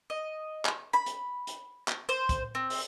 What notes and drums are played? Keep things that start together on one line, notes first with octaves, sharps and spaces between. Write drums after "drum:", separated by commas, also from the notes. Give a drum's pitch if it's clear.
D#5
drum: clap
B5
drum: hi-hat
drum: hi-hat
drum: clap
C5
drum: kick, hi-hat
C4
drum: open hi-hat